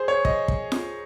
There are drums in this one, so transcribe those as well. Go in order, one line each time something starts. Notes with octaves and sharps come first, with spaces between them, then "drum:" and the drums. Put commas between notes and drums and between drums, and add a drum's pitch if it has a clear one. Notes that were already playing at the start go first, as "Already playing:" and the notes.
Already playing: G#4 C5
C#5
D#5, drum: kick
drum: kick
drum: snare